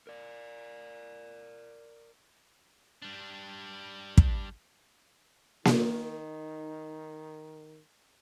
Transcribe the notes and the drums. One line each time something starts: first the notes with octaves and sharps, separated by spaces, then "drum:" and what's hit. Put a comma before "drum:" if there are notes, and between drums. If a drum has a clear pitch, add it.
A#4 D5
G3 D4
drum: kick
D#3 D#4, drum: snare A#3